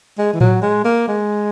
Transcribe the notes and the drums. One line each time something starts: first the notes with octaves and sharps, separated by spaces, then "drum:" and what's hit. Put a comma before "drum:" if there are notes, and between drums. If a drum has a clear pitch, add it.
G#3
E3
F#3, drum: tom A2
G#3
A#3
G#3